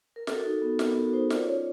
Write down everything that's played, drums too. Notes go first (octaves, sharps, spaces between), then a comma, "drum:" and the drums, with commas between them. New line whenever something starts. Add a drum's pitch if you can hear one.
A#4
F#4 A4, drum: snare
D#4
B3
B3 A#4, drum: snare
F#4
D#4 C5
F4 D5, drum: snare
C#4 C#5